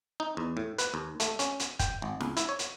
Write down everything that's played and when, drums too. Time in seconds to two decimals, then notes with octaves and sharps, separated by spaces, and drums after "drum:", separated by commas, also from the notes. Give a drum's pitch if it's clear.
0.20 D#4
0.37 E2
0.57 A2
0.78 B4, drum: hi-hat
0.94 D#2
1.20 A3, drum: hi-hat
1.39 C#4, drum: hi-hat
1.60 drum: hi-hat
1.80 G5, drum: kick, hi-hat
2.02 G#1
2.21 C#2, drum: snare E4
2.37 E4, drum: hi-hat
2.49 C#5
2.59 drum: hi-hat